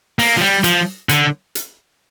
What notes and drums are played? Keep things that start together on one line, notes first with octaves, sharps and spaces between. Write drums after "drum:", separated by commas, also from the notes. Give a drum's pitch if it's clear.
A#3, drum: open hi-hat
F3
G3
F3, drum: hi-hat
D3, drum: hi-hat
drum: hi-hat